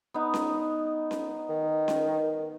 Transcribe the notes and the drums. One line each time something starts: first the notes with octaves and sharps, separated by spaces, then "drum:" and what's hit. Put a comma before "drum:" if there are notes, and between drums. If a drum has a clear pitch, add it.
B3 D#4
drum: snare C#4
drum: snare C#4
D#3
drum: snare C#4